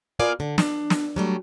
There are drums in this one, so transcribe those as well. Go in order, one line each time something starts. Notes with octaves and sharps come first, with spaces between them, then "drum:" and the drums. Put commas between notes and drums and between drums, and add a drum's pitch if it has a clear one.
B3 F4 A#4 D5 F5 G#5
D3
D4, drum: snare
drum: snare
F#3 G3 A3